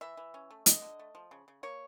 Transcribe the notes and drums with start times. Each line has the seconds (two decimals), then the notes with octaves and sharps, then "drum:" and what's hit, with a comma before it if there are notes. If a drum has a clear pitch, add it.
0.01 E3 E5
0.17 E3
0.34 C#4
0.51 A3
0.66 D3 D#5, drum: hi-hat
0.82 D3
0.99 A3
1.15 F3
1.31 C#3
1.48 C#3
1.63 A#3 C#5